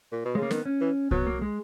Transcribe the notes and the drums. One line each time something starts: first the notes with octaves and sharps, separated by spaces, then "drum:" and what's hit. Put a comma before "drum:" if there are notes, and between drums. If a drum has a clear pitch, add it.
A#2
B2
C#3 G#3
A#3
D#3 B3, drum: snare
C#4
E3
F#3 B3, drum: kick C2
A#3
G#3